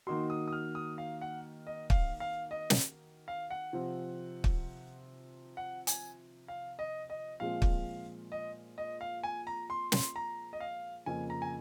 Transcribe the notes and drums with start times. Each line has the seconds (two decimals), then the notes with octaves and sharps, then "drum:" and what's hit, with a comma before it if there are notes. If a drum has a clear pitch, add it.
0.07 D#3 A#3 D#4 F#4 C6
0.30 D#6
0.48 D#6
0.53 F6
0.75 D#6
0.98 F5
1.21 F#5
1.67 D#5
1.90 F5, drum: kick
2.20 F5
2.51 D#5
2.70 drum: snare
3.28 F5
3.50 F#5
3.73 C3 F3 C4
4.44 drum: kick
5.57 F#5
5.87 G#5, drum: hi-hat
6.48 F5
6.79 D#5
7.10 D#5
7.40 A#2 F3 G#3 C4 F4 F5
7.62 drum: kick
8.32 D#5
8.78 D#5
9.01 F5
9.24 G#5
9.47 A#5
9.70 C6
9.92 C6, drum: snare
10.16 A#5
10.53 D#5
10.60 F5
11.06 F2 C#3 F3 A#3 G#5
11.30 A#5
11.42 G#5